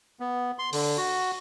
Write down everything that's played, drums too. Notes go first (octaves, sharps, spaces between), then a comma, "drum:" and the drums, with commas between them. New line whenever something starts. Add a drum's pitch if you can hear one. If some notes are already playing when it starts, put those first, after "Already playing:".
B3
C6
D3, drum: open hi-hat
F#4